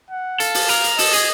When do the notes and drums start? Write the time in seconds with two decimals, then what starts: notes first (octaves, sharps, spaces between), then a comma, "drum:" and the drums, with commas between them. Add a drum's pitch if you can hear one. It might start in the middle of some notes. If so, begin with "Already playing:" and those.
0.10 F#5
0.40 A4 F5, drum: hi-hat
0.54 drum: open hi-hat
0.69 A#4, drum: hi-hat
0.84 drum: hi-hat
0.99 A4 D#5, drum: open hi-hat
1.13 G#4, drum: hi-hat